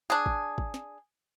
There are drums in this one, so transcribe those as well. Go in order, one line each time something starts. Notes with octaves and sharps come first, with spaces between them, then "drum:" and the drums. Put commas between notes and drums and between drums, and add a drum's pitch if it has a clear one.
D4 G#4
drum: kick
drum: kick
drum: snare